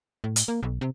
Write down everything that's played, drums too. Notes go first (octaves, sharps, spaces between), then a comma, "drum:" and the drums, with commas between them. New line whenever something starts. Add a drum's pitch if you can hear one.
A2
drum: hi-hat
A#3
B1
C3